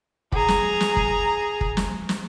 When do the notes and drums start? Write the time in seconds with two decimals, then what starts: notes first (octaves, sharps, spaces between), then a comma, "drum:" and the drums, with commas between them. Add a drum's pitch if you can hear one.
0.32 G#4 A#5, drum: kick
0.48 drum: snare
0.81 drum: snare
0.97 drum: kick
1.61 drum: kick
1.77 drum: snare
2.09 drum: snare